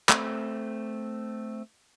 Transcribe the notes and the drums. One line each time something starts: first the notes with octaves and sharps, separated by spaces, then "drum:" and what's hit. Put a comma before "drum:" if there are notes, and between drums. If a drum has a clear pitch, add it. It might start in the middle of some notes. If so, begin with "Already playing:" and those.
A3 C4, drum: clap